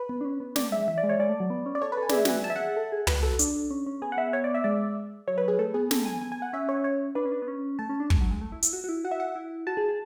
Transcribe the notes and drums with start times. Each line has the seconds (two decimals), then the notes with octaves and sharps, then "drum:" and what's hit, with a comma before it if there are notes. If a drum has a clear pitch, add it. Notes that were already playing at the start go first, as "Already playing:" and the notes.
Already playing: B4
0.09 B3
0.21 D4
0.25 C#4
0.40 B3
0.56 A3 D5, drum: snare
0.72 G#3 E5
0.88 E3 E5
0.98 D5
1.03 G#3
1.09 C#5
1.19 G#3 D5
1.29 A3
1.40 F#3
1.50 B3
1.66 C#4
1.75 D5
1.82 A4 C#5
1.92 B4
1.97 A4
2.02 G#5
2.09 G#4 D5 E5, drum: snare
2.25 F#4 G#5, drum: snare
2.39 G#4 A5
2.50 E5
2.56 F#5
2.77 A4
2.92 G#4
3.07 F#4 B4, drum: tom
3.23 A4
3.39 D4, drum: hi-hat
3.71 C#4
3.86 C#4
4.02 B3 G#4
4.12 F#5
4.17 B3 E5
4.33 C#5
4.44 D5
4.54 E5
4.64 G#3 D5
5.28 F#3 C#5
5.38 B4
5.48 G#4
5.59 A3 A4
5.74 B3 G#4
5.91 A4, drum: snare
6.05 G#5
6.21 G#5
6.32 G#5
6.42 F#5
6.53 C#4 E5
6.69 C#5
6.84 C#5
7.15 D4 B4
7.25 C#4
7.32 D4
7.42 B3
7.48 C#4
7.79 A3 A5
7.89 C#4
8.00 D4
8.10 G#3, drum: kick
8.21 F#3
8.31 G#3
8.41 A3
8.52 E4
8.63 E4, drum: hi-hat
8.73 F#4
8.84 F#4
8.89 E4
9.04 F#4 F#5
9.11 E5
9.20 F#5
9.36 E4
9.67 F#4 A5
9.77 G#4
9.89 G#4